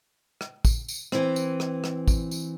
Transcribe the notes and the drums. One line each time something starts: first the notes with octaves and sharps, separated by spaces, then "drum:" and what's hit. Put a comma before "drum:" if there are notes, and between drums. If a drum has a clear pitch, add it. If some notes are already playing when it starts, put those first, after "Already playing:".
drum: rim click
drum: kick, tambourine
drum: tambourine
E3 C4, drum: rim click
drum: tambourine
drum: rim click
drum: rim click
drum: kick, tambourine
drum: tambourine